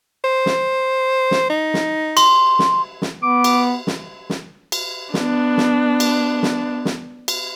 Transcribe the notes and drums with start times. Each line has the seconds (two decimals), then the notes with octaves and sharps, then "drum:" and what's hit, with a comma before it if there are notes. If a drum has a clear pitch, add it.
0.24 C5
0.46 drum: snare
1.31 drum: snare
1.50 D#4
1.74 drum: snare
2.17 C6, drum: cymbal
2.59 drum: snare
3.02 drum: snare
3.23 B3 D6
3.44 drum: cymbal
3.87 drum: snare
4.30 drum: snare
4.72 drum: cymbal
5.14 B3 D4, drum: snare
5.57 drum: snare
6.00 drum: cymbal
6.43 drum: snare
6.85 drum: snare
7.28 drum: cymbal